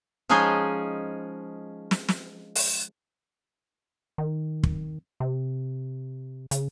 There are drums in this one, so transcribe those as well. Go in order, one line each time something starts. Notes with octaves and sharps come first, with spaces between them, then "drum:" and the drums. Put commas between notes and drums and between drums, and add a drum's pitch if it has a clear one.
F3 G#3 C#4 D#4 G#4 C5
drum: snare
drum: snare
drum: open hi-hat
D#3
drum: kick
C3
C#3, drum: hi-hat